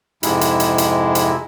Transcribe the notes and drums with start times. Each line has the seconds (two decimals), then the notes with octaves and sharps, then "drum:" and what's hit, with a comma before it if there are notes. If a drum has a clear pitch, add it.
0.23 F2 G#2 C3 G#3 E4, drum: hi-hat
0.41 drum: hi-hat
0.60 drum: hi-hat
0.78 drum: hi-hat
1.15 drum: hi-hat